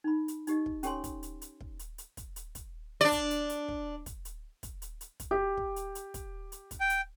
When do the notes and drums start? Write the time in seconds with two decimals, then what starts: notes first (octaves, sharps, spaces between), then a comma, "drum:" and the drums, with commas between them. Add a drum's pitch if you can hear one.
0.04 D#4 B5
0.28 drum: hi-hat
0.47 D#4 G4 D#5, drum: hi-hat
0.66 drum: kick
0.83 C#4 G4 A4 C#5 G#5 C6, drum: hi-hat
1.04 drum: kick, hi-hat
1.23 drum: hi-hat
1.42 drum: hi-hat
1.60 drum: kick
1.79 drum: hi-hat
1.98 drum: hi-hat
2.17 drum: kick, hi-hat
2.36 drum: hi-hat
2.55 drum: kick, hi-hat
3.01 D4 D5
3.12 drum: kick, hi-hat
3.31 drum: hi-hat
3.49 drum: hi-hat
3.68 drum: kick
4.06 drum: kick, hi-hat
4.25 drum: hi-hat
4.63 drum: kick, hi-hat
4.82 drum: hi-hat
5.01 drum: hi-hat
5.20 drum: kick, hi-hat
5.31 G4
5.57 drum: kick
5.76 drum: hi-hat
5.95 drum: hi-hat
6.14 drum: kick, hi-hat
6.52 drum: hi-hat
6.71 drum: kick, hi-hat
6.80 G5
6.90 drum: hi-hat